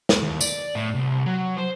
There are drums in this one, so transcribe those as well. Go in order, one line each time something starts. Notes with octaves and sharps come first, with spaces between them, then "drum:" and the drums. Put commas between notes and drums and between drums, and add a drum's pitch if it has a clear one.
drum: snare
D#2
D5, drum: tambourine
A2
C2
F#3
C5